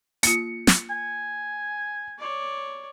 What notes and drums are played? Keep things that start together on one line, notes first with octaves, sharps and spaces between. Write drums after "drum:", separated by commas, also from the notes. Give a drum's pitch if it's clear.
A#3 F4 C#7, drum: hi-hat
drum: snare
G#5
C#5 D5